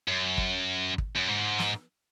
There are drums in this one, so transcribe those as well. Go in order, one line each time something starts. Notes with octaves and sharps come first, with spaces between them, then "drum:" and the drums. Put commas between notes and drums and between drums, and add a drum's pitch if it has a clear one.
F#2
drum: kick
drum: kick
F#2
G#2
drum: snare